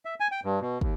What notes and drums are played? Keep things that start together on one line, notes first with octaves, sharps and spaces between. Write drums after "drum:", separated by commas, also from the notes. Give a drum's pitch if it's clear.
E5
G#5
G5
G2
B2
D#2, drum: kick